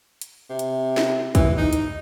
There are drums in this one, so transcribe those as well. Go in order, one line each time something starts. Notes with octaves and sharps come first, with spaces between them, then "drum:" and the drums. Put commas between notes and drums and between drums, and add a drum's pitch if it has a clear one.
drum: hi-hat
C3
drum: hi-hat
drum: snare
E3, drum: kick, hi-hat
D#4
drum: hi-hat